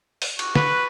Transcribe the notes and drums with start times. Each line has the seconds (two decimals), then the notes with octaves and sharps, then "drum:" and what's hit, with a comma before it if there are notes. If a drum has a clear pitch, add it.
0.22 drum: open hi-hat
0.39 F#4, drum: cymbal
0.55 F#4 B4, drum: snare